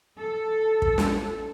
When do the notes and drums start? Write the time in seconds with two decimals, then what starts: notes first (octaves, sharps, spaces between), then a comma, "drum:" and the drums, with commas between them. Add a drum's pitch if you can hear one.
0.18 A4
0.82 drum: kick
0.98 drum: snare